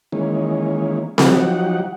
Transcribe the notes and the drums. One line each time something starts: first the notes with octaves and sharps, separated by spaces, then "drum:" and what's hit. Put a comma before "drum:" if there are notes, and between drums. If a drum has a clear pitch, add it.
D#3 E3 G#3 A#3 C#4
F3 F#3 D#4 G4 F#5, drum: snare C4